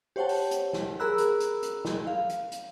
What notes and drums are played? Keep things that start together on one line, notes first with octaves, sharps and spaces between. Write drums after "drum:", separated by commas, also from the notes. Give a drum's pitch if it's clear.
G4 C5 C#5 F#5 G5 A5
drum: open hi-hat
drum: hi-hat
drum: snare
G#4 A#4 A#5 B5 E6 F#6
drum: hi-hat
drum: hi-hat
drum: hi-hat
drum: snare
F5
drum: hi-hat
drum: hi-hat